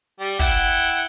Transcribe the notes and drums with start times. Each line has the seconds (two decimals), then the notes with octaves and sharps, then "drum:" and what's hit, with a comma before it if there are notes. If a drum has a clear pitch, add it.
0.20 G3
0.39 E4 F#5 G5, drum: kick